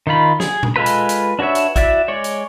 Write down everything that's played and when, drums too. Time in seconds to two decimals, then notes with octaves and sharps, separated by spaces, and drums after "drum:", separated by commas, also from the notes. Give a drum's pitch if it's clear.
0.07 D#3 D#4 F4 B5
0.40 G#4, drum: snare
0.63 drum: tom A#2
0.76 G#3 F4 A4 B4 B5
0.86 drum: hi-hat
1.09 drum: hi-hat
1.39 D4 F#4 B4 C#5 E5
1.55 drum: hi-hat
1.76 E4 F#4 D5 E5, drum: kick, hi-hat
2.08 G#3 C#5 D5
2.24 drum: hi-hat